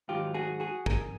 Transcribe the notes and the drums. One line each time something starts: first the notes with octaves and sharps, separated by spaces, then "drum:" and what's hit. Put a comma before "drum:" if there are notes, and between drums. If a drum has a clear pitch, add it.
G#2 D#3 F#3 F4 G4
F#4 G#4
F#4 G#4
G#4 A#4, drum: kick